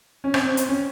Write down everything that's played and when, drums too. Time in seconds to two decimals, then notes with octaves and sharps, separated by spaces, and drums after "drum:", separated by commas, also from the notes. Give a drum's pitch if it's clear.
0.24 C#4
0.34 C4, drum: rim click
0.57 drum: hi-hat
0.69 C#4